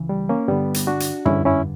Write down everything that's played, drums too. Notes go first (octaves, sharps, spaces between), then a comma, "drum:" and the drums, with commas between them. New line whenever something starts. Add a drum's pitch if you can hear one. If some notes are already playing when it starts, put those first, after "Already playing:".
Already playing: C#2 C#3 E3
G3
A#3 C#4
G2 D3 G3 B3
drum: hi-hat
D4 F#4
drum: hi-hat
G2 D3 C#4 E4, drum: tom
C#4 E4